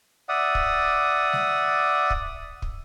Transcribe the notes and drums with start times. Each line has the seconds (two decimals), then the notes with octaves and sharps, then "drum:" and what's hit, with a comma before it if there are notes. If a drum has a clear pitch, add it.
0.29 D5 E5 F#5 D#6
0.55 drum: kick
1.33 drum: snare G3
2.10 drum: kick
2.62 drum: kick